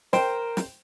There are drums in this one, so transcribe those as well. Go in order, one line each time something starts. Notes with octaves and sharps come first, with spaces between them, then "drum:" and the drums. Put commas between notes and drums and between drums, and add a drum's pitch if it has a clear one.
A#4 C5 G5, drum: snare
drum: snare